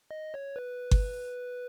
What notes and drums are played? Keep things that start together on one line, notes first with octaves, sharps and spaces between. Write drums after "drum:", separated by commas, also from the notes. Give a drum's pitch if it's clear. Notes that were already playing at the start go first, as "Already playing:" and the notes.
D#5
C#5
B4
drum: kick G1